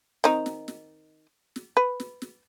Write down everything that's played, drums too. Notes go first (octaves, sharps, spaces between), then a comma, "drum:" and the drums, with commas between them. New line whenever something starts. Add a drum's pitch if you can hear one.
D#3 C4 D#4, drum: snare
drum: snare
drum: snare
drum: snare
B4
drum: snare
drum: snare